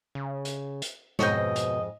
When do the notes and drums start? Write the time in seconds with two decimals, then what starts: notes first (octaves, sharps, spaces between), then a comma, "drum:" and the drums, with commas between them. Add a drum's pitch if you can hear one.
0.15 C#3
0.45 drum: hi-hat
0.82 drum: hi-hat
1.19 F2 G#2 B2 C#5 D#5 G5, drum: snare
1.56 drum: hi-hat